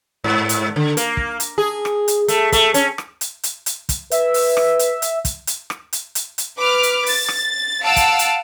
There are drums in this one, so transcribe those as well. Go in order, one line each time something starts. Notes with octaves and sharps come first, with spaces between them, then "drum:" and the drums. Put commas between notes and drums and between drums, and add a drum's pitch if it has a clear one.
G#2
drum: hi-hat
D3
A#3, drum: hi-hat
drum: kick
drum: hi-hat
G#4
drum: rim click
drum: hi-hat
A3, drum: hi-hat
A3, drum: kick, hi-hat
C#4, drum: hi-hat
drum: rim click
drum: hi-hat
drum: hi-hat
drum: hi-hat
drum: kick, hi-hat
B4 E5, drum: hi-hat
drum: open hi-hat
drum: rim click
drum: hi-hat
drum: hi-hat
drum: kick, hi-hat
drum: hi-hat
drum: rim click
drum: hi-hat
drum: hi-hat
drum: hi-hat
B4 D6 F6
drum: hi-hat
A6, drum: open hi-hat
drum: rim click
F5 F#5 A5 E6 D7
drum: kick, hi-hat
drum: hi-hat